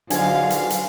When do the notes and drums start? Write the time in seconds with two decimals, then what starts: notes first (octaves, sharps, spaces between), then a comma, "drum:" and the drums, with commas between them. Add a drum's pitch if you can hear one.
0.10 G#2 B2 D3 F3 F#3 F5 G#5, drum: hi-hat
0.50 drum: hi-hat
0.70 drum: hi-hat